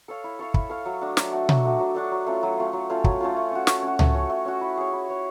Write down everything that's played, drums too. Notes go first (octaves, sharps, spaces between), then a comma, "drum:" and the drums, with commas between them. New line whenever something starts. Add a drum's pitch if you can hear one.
A4 C#5 F5
E4
A4 C#5 F5
E4, drum: kick
A4 C#5 F5
F#3
A3 D4 F#4
F#3, drum: snare
A3 D4 F#4
F#3, drum: tom B2
A3 D4 F#4
F#3
A3 D4 F#4
F#3
A3 C#4 F4
F#3
A3 C#4 F4
F#3
A3 C#4 F4
F#3, drum: kick
A3 C#4 F4
A3
C#4 F#4
A3, drum: snare
C#4 F#4
A3, drum: tom C#2
C#4 F#4
A3
C#4 F#4
E4
G#4 C#5
E4
G#4 C#5